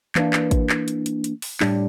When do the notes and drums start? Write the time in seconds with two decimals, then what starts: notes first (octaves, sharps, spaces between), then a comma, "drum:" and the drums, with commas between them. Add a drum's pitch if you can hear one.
0.15 E3 A#3 D4, drum: clap
0.33 drum: clap
0.51 drum: kick, hi-hat
0.69 drum: clap
0.88 drum: hi-hat
1.06 drum: hi-hat
1.24 drum: hi-hat
1.42 drum: open hi-hat
1.60 A2 G3 D4, drum: clap